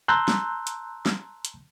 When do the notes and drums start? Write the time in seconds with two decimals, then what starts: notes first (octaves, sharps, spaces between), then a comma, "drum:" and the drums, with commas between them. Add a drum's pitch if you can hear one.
0.08 A5 A#5 C6 E6 F#6 G6
0.28 drum: snare
0.67 drum: hi-hat
1.06 drum: snare
1.45 drum: hi-hat